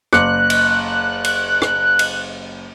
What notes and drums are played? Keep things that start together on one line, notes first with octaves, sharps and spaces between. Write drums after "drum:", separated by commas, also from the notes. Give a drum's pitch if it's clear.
F#1 D6 F#6 C#7, drum: rim click
drum: cymbal
drum: cymbal
drum: rim click
drum: cymbal